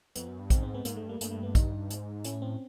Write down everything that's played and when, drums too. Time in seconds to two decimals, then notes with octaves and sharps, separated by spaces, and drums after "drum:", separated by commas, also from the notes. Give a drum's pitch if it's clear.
0.16 F2 B3, drum: hi-hat
0.28 F#2
0.39 G2
0.50 G#2 C4, drum: kick, hi-hat
0.63 C4
0.74 B3
0.85 G#2 A#3, drum: hi-hat
0.97 A3
1.03 G2
1.09 A#3
1.21 G2 A3, drum: hi-hat
1.31 A3
1.43 B3
1.55 D#4, drum: kick, hi-hat
1.90 G#2, drum: hi-hat
2.24 A2 C#4, drum: hi-hat
2.42 C4